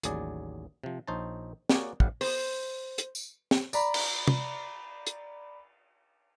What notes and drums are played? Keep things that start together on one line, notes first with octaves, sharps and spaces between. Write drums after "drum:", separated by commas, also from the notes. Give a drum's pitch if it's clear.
A1 D#2 F#3 G#4 D5, drum: hi-hat
C3 F3
A#1 D#4 C5 C#5 A5
A#3 F#4 G#4 C#5 D5, drum: snare
A1 A2 G3 F5 F#5, drum: kick
C5, drum: open hi-hat
drum: hi-hat
drum: tambourine
drum: snare
D5 A#5 B5, drum: tambourine
drum: cymbal
drum: tom
drum: hi-hat